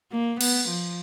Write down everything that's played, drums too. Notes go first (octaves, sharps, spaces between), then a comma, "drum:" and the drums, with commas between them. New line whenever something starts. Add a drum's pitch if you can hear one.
A#3
B3, drum: cymbal
F3